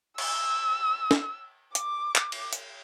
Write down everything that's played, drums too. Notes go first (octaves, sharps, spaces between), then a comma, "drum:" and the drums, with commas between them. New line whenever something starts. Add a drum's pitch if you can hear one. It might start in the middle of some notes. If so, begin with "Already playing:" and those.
E6, drum: cymbal
drum: snare
D6, drum: hi-hat
drum: clap
drum: cymbal
drum: hi-hat